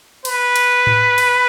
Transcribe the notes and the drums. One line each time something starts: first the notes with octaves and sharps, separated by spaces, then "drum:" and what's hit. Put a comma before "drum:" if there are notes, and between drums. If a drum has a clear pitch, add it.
B4, drum: cymbal
drum: cymbal
drum: tom G#2
drum: cymbal